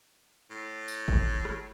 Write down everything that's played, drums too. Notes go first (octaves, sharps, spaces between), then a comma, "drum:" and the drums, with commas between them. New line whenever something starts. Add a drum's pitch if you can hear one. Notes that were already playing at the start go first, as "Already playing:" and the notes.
A2
drum: tambourine
A1, drum: kick G1
G#1
drum: rim click